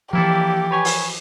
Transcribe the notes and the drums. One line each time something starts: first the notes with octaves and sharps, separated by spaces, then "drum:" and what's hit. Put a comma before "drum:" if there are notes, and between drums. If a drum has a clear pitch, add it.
E3 F3 A#3 E4 G4 A4
B4 C#5 G#5
drum: open hi-hat